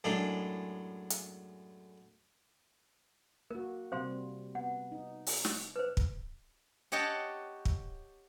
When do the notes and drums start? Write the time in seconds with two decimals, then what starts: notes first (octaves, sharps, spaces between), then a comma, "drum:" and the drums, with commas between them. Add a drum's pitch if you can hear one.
0.04 F#2 A2 G#3 D4
1.10 drum: hi-hat
3.51 A#3 F#4 A#4
3.92 C3 G3 C4 C5 F5 C6
4.55 B3 F#5
4.92 D#4
5.26 drum: open hi-hat
5.45 drum: snare
5.76 B4 C5
5.97 drum: kick
6.92 G4 C#5 D#5 F#5 G5 A5
7.65 drum: kick